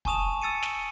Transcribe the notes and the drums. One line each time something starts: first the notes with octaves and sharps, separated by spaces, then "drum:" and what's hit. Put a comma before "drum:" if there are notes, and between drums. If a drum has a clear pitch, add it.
G#5 A5 C#6 D#6 E7 F7, drum: kick
E6 A6 C#7 D#7
drum: snare